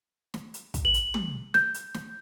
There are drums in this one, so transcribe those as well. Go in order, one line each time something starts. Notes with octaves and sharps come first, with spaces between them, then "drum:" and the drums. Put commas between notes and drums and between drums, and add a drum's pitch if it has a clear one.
drum: snare
drum: hi-hat
drum: kick, hi-hat
F#7
drum: hi-hat
drum: tom
G6, drum: snare
drum: hi-hat
drum: snare